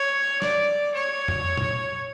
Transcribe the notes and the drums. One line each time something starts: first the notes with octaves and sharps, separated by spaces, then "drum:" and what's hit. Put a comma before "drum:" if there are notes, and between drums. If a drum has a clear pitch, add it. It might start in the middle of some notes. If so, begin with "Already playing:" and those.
Already playing: C#5
D5, drum: snare
C#5
drum: tom F2
drum: tom A#2